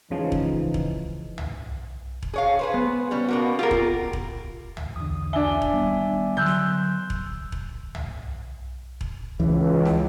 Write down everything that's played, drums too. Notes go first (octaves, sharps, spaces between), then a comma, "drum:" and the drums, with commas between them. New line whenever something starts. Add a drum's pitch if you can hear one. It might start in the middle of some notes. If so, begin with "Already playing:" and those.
C#2 C#3 E3 F3 D#4
drum: kick E1
drum: kick E1
drum: tom C2
drum: kick E1
G#4 C#5 F5
G#4 B4 C5
B3
G3 C#4
B2 A#3 F#4
F4 G4 A#4
drum: kick E1
drum: kick E1
drum: tom C2
E2 D3 D#6
D4 E5 G#5 G7
drum: kick E1
D#3 G3 B3
D3 F#3 C6 E6 F#6 G6
drum: snare
drum: kick E1
drum: kick E1
drum: tom C2
drum: kick E1
C#2 E3
drum: snare